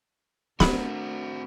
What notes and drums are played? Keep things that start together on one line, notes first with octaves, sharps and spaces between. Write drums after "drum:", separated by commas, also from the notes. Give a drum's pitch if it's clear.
A3 C4 D4 F#4 A#4 B5, drum: snare